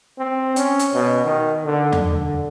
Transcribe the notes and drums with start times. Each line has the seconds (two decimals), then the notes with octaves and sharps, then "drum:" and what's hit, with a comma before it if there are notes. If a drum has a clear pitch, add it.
0.19 C4
0.56 C#4, drum: hi-hat
0.79 drum: hi-hat
0.94 B2
1.25 D#3
1.65 D3
1.92 drum: tom E2
2.08 D3